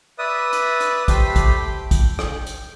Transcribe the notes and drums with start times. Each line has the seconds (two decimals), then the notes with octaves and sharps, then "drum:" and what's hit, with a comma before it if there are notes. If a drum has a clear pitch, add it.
0.19 B4 D5 E5 D#6
0.53 drum: hi-hat
0.80 drum: hi-hat
1.08 A3 G4 C5 B5, drum: kick, hi-hat
1.36 drum: kick, hi-hat
1.60 G5
1.91 drum: kick, hi-hat
2.19 drum: rim click
2.47 drum: hi-hat